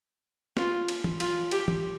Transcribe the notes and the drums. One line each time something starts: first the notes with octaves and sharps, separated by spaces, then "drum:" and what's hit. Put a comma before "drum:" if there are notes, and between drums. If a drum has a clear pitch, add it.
F4, drum: snare
drum: cymbal
drum: tom
F4, drum: cymbal
G4, drum: cymbal
drum: tom